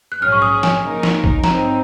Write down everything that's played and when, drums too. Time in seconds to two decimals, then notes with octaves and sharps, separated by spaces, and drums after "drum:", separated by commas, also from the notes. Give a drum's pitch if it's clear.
0.12 F#6
0.21 A#1 G#2 F#3 C#4 G#4 F6
0.32 C#6
0.42 D#6
0.63 G#5, drum: snare
0.83 C#3 F3 A#3 D#4 A#4
1.03 drum: snare
1.24 drum: kick A1
1.44 G#2 F#3 C4 D#4 A#5, drum: snare